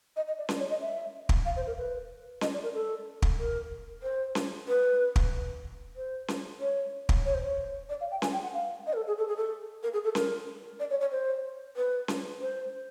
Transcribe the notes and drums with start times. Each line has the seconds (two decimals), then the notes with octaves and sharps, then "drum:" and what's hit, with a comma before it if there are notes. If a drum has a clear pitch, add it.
0.16 D#5
0.27 D#5
0.38 D5
0.49 drum: snare C#4
0.59 C#5
0.70 D#5
0.81 E5
1.29 drum: kick
1.45 F5
1.56 C5
1.67 A#4
1.77 B4
2.41 D#5, drum: snare C#4
2.53 D5
2.63 A#4
2.74 A4
3.22 drum: kick
3.39 A#4
4.03 C5
4.35 drum: snare C#4
4.68 B4
5.16 drum: kick
5.96 C5
6.28 drum: snare C#4
6.60 C#5
7.09 drum: kick
7.25 C#5
7.34 C5
7.43 C#5
7.89 D5
8.00 F5
8.11 G5
8.22 G#5, drum: snare C#4
8.32 G5
8.43 F#5
8.54 F5
8.87 D#5
8.93 A#4
8.96 A4
9.07 G#4
9.18 A4
9.28 G#4
9.37 A4
9.83 A#4
9.93 G#4
10.04 A4
10.15 A#4, drum: snare C#4
10.80 D5
10.90 C#5
11.01 C#5
11.11 C5
11.76 B4
12.08 drum: snare C#4
12.40 C5